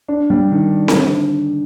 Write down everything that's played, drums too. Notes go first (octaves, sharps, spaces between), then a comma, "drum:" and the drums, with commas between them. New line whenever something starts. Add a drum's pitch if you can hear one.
D4
G3
D#3
D#3, drum: snare C4
D3